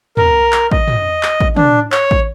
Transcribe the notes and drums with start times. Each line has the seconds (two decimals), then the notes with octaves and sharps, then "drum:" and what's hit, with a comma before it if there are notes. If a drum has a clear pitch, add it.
0.17 A#4, drum: tom
0.52 drum: clap
0.72 D#5, drum: kick A1
0.88 drum: tom
1.23 drum: clap
1.40 drum: kick A1
1.56 D4, drum: tom
1.92 C#5, drum: clap
2.11 drum: kick A1